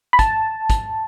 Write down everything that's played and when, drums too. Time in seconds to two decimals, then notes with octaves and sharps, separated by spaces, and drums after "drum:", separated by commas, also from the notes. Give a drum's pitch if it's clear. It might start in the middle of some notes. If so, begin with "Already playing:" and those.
0.13 B5
0.19 A5, drum: kick, hi-hat
0.70 drum: kick, hi-hat